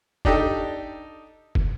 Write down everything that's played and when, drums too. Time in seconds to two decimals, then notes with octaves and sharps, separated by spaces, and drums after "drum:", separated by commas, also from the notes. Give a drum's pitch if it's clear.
0.25 D4 D#4 G4 A4, drum: kick
1.55 drum: kick